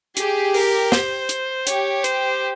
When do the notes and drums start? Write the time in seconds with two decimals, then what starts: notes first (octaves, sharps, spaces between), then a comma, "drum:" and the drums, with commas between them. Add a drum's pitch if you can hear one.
0.17 G4 G#4, drum: hi-hat
0.54 A#4, drum: open hi-hat
0.92 C5, drum: snare
1.29 drum: hi-hat
1.67 G4 C#5, drum: hi-hat
2.04 C5, drum: hi-hat